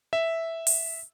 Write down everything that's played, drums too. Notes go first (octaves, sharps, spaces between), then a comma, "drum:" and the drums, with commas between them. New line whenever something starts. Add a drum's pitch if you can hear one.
E5
drum: open hi-hat